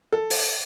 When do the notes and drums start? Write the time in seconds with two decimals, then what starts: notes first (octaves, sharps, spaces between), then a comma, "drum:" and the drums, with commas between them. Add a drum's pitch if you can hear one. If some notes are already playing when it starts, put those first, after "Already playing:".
0.12 A4
0.30 drum: open hi-hat